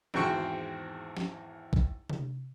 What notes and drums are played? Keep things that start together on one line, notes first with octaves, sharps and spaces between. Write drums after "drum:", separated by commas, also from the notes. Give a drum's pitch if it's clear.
G#1 E2 C4 F#4 C5 C#6, drum: snare
drum: snare
drum: kick A#1
drum: tom C3